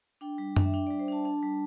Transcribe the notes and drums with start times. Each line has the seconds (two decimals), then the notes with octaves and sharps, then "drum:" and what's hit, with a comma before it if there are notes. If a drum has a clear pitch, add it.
0.21 D4 G5
0.38 G3
0.56 D4, drum: tom F#2
0.64 E5
0.74 D4 G5
0.87 D5
0.90 G3
0.99 C5
1.08 D4 A5
1.25 D4 A5
1.42 G3